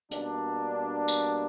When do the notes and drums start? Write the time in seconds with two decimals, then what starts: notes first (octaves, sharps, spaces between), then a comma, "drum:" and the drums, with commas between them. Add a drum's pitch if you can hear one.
0.11 B2 G3 A#3 D4, drum: hi-hat
1.08 drum: tambourine